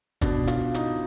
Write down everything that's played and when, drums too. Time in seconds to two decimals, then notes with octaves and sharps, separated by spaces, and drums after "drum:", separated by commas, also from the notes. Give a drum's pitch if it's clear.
0.21 B2 D4, drum: kick, hi-hat
0.47 F4, drum: hi-hat
0.74 D#4, drum: hi-hat